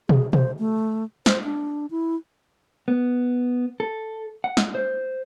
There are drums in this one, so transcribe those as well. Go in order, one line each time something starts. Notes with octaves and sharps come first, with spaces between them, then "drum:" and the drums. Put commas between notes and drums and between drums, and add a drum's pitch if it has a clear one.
G#4, drum: tom B2
C5, drum: tom B2
A3
C5, drum: snare
D4
E4
B3
A4
F#5
drum: snare
C5